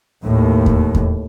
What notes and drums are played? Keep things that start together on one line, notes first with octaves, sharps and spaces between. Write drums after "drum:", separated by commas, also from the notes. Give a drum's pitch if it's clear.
D#2 A2
drum: kick E2
drum: kick E2